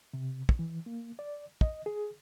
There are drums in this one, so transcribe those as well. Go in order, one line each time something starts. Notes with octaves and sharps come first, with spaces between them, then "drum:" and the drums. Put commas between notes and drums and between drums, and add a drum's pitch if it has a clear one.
C3
drum: kick
E3
A#3
D5
D#5, drum: kick
G#4